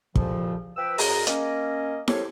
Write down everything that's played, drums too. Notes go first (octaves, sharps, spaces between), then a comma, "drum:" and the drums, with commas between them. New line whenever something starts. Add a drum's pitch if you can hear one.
C2 F2 A#2 C#3 F3, drum: kick
F3 B4 G5 E6
F#2 G#4 A#5, drum: open hi-hat
A#3 C#4 D#5, drum: hi-hat
G4 A4 A#4 C5 C#5, drum: snare E4